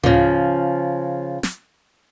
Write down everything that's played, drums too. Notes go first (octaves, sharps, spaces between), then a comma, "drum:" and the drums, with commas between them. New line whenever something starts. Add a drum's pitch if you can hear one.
C#3 F3, drum: tom A2
drum: snare